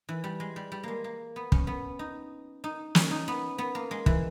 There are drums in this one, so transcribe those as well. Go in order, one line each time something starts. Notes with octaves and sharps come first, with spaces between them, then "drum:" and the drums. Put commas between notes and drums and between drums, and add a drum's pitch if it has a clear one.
E3
G3
G#3
G3
G3
G#3 A#3
A#3
B3
C#4, drum: kick
B3
D#4
D#4
C#4, drum: snare
D#4
B3
B3
A#3
G#3
E3, drum: kick